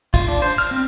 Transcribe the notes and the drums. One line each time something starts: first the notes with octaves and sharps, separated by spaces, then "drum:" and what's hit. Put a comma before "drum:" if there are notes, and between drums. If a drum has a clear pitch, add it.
F4, drum: kick, cymbal
D4
C5
F6
C4